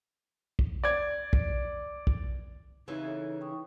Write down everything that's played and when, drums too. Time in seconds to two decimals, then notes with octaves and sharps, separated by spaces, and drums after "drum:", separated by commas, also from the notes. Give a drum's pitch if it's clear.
0.59 drum: kick
0.84 D5 G#6
1.33 drum: kick
2.07 drum: kick
2.88 C#3 E3 C4 D#4 G4 E5
3.04 A4 C#5
3.41 G5 C#6 D#6